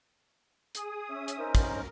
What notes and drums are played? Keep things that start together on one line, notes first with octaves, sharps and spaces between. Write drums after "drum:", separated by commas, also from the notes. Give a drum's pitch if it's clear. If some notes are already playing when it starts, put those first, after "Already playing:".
G#4 D#6, drum: hi-hat
C#4 E5 D#6
drum: hi-hat
C#4 D#4 A#4 C5
drum: kick, hi-hat